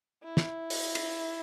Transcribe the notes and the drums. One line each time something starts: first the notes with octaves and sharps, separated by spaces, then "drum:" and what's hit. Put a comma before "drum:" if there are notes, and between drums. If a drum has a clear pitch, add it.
E4
drum: snare
drum: open hi-hat
drum: cymbal